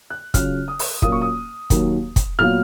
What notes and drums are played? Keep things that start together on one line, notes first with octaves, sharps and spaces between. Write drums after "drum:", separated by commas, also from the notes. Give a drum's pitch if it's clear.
F#6
C#3 F#3 C#4 F4 F6, drum: kick, hi-hat
D#6
drum: open hi-hat
A#2 F#3 A#3 C#4 F4 D#6, drum: kick
C#6
D#6
D#2 D#3 F#3, drum: kick, hi-hat
drum: kick, hi-hat
A#2 F#3 B3 F4 F6